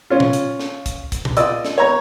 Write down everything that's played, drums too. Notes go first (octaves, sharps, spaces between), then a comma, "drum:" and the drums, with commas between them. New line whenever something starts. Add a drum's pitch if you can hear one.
C#4 F4
drum: tom A#2
drum: hi-hat
drum: snare
drum: kick, hi-hat
drum: kick, hi-hat
drum: tom A#2
F4 D5 D#5 E6, drum: hi-hat
drum: snare
C#5 A#5